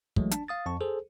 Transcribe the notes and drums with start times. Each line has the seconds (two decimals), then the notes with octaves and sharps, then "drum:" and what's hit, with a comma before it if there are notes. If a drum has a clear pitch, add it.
0.16 E3 F#3 G#3 A3, drum: kick
0.31 D4 A5, drum: hi-hat
0.48 F5 D#6 A6
0.66 F2 A5 C#6
0.81 G#4 A4 C5